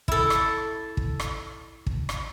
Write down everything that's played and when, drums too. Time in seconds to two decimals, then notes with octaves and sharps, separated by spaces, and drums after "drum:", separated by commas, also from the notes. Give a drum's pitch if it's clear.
0.08 E4 A4, drum: kick
0.30 drum: rim click
0.97 drum: kick
1.20 drum: rim click
1.86 drum: kick
2.09 drum: rim click